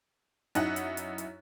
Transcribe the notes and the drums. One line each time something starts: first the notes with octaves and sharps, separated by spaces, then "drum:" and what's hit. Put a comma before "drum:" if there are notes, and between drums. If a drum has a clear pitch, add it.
F#2 D#4 E4 F#5 F#6, drum: hi-hat
drum: hi-hat
drum: hi-hat
drum: hi-hat